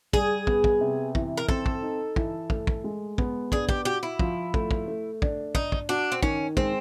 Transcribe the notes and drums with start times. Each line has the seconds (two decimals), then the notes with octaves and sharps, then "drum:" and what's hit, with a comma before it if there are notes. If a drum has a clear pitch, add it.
0.13 G3 G#4, drum: kick
0.47 B3, drum: kick
0.64 drum: kick
0.81 C3
1.15 E3, drum: kick
1.37 A#4
1.49 C4 A4, drum: kick
1.66 drum: kick
1.82 D#4
2.16 E3, drum: kick
2.50 A3, drum: kick
2.67 drum: kick
2.84 G#3
3.18 B3, drum: kick
3.52 D4 G#4, drum: kick
3.69 G4, drum: kick
3.85 F#4 G4
4.03 E4
4.19 F3, drum: kick
4.54 A3, drum: kick
4.71 drum: kick
4.88 A3
5.22 D4, drum: kick
5.55 D4 D#4, drum: kick
5.72 drum: kick
5.89 D4 F#4
6.12 C4
6.23 D#3 C#4, drum: kick
6.57 G#3 C4, drum: kick